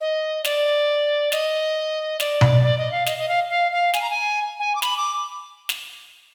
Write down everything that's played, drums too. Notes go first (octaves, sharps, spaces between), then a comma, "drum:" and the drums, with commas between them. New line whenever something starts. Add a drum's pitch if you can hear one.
D#5
D5, drum: snare
D#5, drum: snare
D5, drum: snare
drum: tom B2
D5
D#5
F5
D#5, drum: snare
D#5
F5
F5
F5
G#5, drum: snare
A#5
G#5
G#5
D6
B5, drum: snare
D6
drum: snare